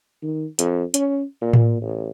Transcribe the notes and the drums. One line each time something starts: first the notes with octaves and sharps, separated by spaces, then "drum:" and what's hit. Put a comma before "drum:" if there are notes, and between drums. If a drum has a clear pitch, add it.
D#3
F2, drum: hi-hat
C#4, drum: hi-hat
A#2
drum: tom A2
A1